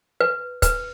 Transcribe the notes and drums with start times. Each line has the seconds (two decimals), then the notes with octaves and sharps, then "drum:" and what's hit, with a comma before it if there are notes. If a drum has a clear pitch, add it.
0.21 B4
0.62 B4, drum: kick, hi-hat